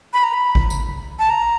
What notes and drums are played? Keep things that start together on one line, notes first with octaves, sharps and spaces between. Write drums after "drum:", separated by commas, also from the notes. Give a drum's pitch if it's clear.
B5
A#5
B5
drum: kick G#1
drum: tambourine
A5
A#5